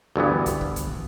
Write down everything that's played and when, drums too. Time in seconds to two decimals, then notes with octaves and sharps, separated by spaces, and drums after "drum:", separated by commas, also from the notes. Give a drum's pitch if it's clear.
0.16 D2 G2 E3 B3
0.46 drum: kick, hi-hat
0.61 drum: kick
0.76 drum: kick, hi-hat